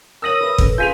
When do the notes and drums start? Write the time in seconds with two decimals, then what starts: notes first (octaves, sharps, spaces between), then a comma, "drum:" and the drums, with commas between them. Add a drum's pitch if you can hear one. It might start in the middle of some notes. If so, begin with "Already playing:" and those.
0.22 A#4 C#5 D#6 E6 A#6 F#7
0.41 B4 E5
0.58 C#4 A4, drum: kick
0.78 F4 G#4 G#5 G6 B6 F7